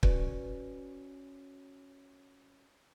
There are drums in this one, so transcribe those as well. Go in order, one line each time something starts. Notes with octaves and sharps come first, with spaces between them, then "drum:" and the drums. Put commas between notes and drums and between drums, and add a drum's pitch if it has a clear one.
C#4 F#4 B4 D5, drum: kick